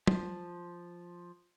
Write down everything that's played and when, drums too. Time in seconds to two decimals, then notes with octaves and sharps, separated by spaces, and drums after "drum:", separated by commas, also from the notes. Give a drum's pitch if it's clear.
0.07 F3, drum: tom